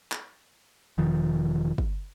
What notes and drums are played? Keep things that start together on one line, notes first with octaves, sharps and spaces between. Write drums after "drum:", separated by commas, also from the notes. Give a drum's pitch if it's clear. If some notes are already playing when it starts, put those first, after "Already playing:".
drum: clap
E1 D#3 F3
drum: kick